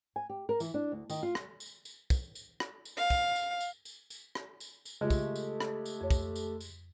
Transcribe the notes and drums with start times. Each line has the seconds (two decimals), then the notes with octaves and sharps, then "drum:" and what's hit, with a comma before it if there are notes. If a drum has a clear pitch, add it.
0.16 G#5
0.30 G4
0.49 A#4
0.60 E3, drum: tambourine
0.74 D4
0.92 D2
1.10 D#3, drum: tambourine
1.23 F4
1.35 drum: rim click
1.60 drum: tambourine
1.85 drum: tambourine
2.10 drum: kick, tambourine
2.35 drum: tambourine
2.60 drum: rim click
2.85 drum: tambourine
2.97 F5
3.10 drum: kick, tambourine
3.35 drum: tambourine
3.60 drum: tambourine
3.85 drum: tambourine
4.10 drum: tambourine
4.35 drum: rim click
4.60 drum: tambourine
4.85 drum: tambourine
5.01 C#3 G#3 A3 F4 G4
5.10 drum: kick, tambourine
5.35 drum: tambourine
5.60 drum: rim click
5.85 drum: tambourine
6.01 F2 C#5
6.11 drum: kick, tambourine
6.36 drum: tambourine
6.61 drum: tambourine